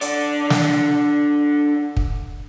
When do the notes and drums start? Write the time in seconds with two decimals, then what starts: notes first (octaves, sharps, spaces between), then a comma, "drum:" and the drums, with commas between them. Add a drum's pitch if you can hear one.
0.01 D3 D5, drum: hi-hat
0.50 drum: snare
1.97 drum: kick